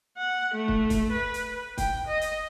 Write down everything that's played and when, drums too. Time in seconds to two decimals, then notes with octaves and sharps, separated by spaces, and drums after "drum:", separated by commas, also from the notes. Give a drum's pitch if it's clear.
0.17 F#5
0.54 A3
0.68 drum: kick
0.90 drum: kick, hi-hat
1.12 B4
1.34 drum: hi-hat
1.78 G5, drum: kick, hi-hat
2.08 D#5
2.21 drum: hi-hat